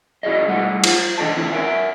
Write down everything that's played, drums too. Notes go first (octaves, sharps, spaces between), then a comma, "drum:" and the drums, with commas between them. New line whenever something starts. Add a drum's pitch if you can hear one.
C#4 E4 F#4 G#4 D#5
G3 A3 D#4 G#4 F#5
F4 C5, drum: cymbal
E3 D4 A4 D#5 G5 A5
D3 E3 C4 C#4 E4
A#4 C#5 E5 G#5